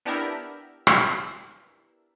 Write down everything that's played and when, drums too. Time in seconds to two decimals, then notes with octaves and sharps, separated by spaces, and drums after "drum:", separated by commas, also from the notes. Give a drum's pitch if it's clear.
0.06 B3 D4 E4 G4 A#4 E5
0.87 drum: rim click